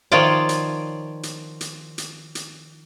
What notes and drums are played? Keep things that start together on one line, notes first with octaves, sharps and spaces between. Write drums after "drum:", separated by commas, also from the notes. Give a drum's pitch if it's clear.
D#3 F3 F4 C#5 D5
drum: hi-hat
drum: hi-hat
drum: hi-hat
drum: hi-hat
drum: hi-hat